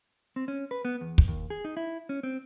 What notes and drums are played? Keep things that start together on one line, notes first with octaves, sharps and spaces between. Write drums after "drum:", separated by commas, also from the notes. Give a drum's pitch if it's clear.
C4
C#4
B4
B3
E2
drum: kick
D#2
G#4
D#4
E4
C#4
C4